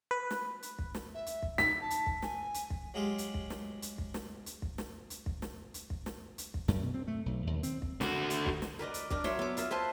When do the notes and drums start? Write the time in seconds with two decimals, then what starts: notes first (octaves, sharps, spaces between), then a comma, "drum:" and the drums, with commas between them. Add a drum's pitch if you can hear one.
0.11 B4
0.31 drum: snare
0.63 drum: hi-hat
0.79 drum: kick
0.95 drum: snare
1.14 E5
1.26 drum: hi-hat
1.42 drum: kick
1.58 D#4 B6, drum: snare
1.81 A5
1.90 drum: hi-hat
2.06 drum: kick
2.22 G#5, drum: snare
2.54 drum: hi-hat
2.70 drum: kick
2.94 F#3 G#3 F4 G4
3.18 drum: hi-hat
3.34 drum: kick
3.50 drum: snare
3.82 drum: hi-hat
3.98 drum: kick
4.14 drum: snare
4.46 drum: hi-hat
4.62 drum: kick
4.78 drum: snare
5.10 drum: hi-hat
5.26 drum: kick
5.42 drum: snare
5.74 drum: hi-hat
5.90 drum: kick
6.06 drum: snare
6.38 drum: hi-hat
6.54 drum: kick
6.68 F#2, drum: snare
6.83 B2
6.94 C4
7.08 A3
7.26 B1
7.47 D#2
7.63 C4, drum: hi-hat
7.82 drum: kick
8.01 D3 F#4, drum: snare
8.30 drum: hi-hat
8.46 drum: kick
8.62 drum: snare
8.79 A#4 B4 D5 D#5
8.94 drum: hi-hat
9.10 D4 A#4 D5, drum: kick
9.24 F#3 C#5 E5 C6, drum: snare
9.39 B3 D6
9.57 F4 A#4 E5, drum: hi-hat
9.71 B4 C5 G#5 A5